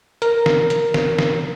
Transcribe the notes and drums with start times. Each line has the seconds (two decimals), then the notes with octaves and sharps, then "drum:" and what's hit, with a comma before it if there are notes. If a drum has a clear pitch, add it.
0.22 A#4, drum: hi-hat
0.46 drum: snare
0.70 drum: hi-hat
0.94 drum: snare
1.19 drum: snare